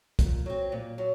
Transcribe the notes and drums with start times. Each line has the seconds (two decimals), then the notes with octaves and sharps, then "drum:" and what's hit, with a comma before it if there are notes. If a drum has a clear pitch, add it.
0.19 A#2, drum: kick, hi-hat
0.46 F#3 C4
0.72 A#2
0.98 F#3